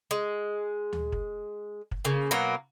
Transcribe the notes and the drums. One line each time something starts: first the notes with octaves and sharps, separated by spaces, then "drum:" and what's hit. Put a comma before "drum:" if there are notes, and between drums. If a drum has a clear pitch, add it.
G#3
drum: tom D2
drum: kick
drum: kick
C#3 A#3
B2 F#3 A#3